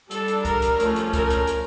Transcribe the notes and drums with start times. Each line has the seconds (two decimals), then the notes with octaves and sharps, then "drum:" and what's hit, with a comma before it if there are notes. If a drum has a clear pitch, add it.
0.11 G3 D4 A4, drum: hi-hat
0.28 drum: hi-hat
0.45 A#4, drum: kick C2, hi-hat
0.62 drum: hi-hat
0.80 F3 A3 C#4, drum: hi-hat
0.96 drum: hi-hat
1.13 A#4, drum: kick C2, hi-hat
1.30 drum: hi-hat
1.47 drum: hi-hat